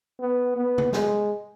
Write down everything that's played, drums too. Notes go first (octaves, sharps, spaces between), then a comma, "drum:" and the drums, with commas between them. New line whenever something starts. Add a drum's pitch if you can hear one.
B3
B3
drum: tom C3
G#3, drum: snare